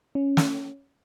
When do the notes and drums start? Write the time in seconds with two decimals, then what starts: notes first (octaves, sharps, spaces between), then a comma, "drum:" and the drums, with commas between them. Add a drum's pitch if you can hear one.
0.15 C#4
0.37 drum: snare